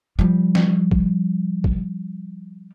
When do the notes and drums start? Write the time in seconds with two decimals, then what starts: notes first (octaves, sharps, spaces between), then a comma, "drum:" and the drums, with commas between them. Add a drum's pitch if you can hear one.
0.19 F3 G3
0.55 drum: snare
0.91 drum: kick
1.64 drum: kick